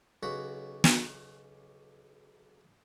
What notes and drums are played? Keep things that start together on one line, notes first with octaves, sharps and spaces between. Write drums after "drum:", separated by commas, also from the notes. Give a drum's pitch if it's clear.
B1 C#3 F#4 A#5 B5
drum: snare